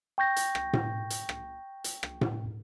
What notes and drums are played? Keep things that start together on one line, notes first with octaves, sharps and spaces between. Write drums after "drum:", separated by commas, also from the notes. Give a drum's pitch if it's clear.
G5 C#6 G6 A#6
drum: hi-hat
drum: rim click
drum: tom A2
drum: hi-hat
drum: rim click
drum: hi-hat
drum: rim click
drum: tom A2